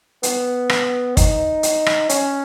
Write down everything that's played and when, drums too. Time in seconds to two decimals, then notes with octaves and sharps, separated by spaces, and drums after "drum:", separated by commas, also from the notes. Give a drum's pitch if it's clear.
0.23 B3, drum: hi-hat
0.69 drum: rim click
1.17 D#4, drum: kick, hi-hat
1.63 drum: hi-hat
1.86 drum: rim click
2.09 C#4, drum: hi-hat